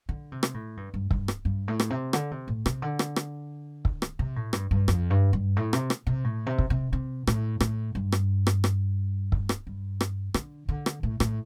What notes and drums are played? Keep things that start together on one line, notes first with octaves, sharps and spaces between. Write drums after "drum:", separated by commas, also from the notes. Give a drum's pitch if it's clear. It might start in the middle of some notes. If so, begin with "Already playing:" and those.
D3
C3
drum: rim click
A2
G2
G2
G2, drum: kick
drum: rim click
G2
A2
drum: rim click
C3
D3, drum: rim click
C3
A2
C3, drum: rim click
D3
drum: rim click
drum: rim click
drum: kick
drum: rim click
C3
A2
G2, drum: rim click
G2
F2, drum: rim click
G2
G2
A2
C3, drum: rim click
drum: rim click
C3
A2
C3
drum: kick
C3
C3
A2, drum: rim click
A2, drum: rim click
G2
drum: rim click
drum: rim click
drum: rim click
drum: kick
drum: rim click
G2
drum: rim click
D3, drum: rim click
D3
drum: rim click
A2
A2, drum: rim click